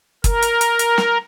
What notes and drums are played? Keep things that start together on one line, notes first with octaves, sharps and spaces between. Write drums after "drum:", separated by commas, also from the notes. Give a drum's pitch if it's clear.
A#4, drum: kick, hi-hat
drum: hi-hat
drum: hi-hat
drum: hi-hat
drum: snare